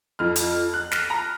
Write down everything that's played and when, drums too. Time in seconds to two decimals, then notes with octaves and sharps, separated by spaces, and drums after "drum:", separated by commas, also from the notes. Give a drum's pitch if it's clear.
0.19 F2 F3 F6
0.36 drum: hi-hat
0.73 F#6
0.91 F6, drum: snare
1.10 A#5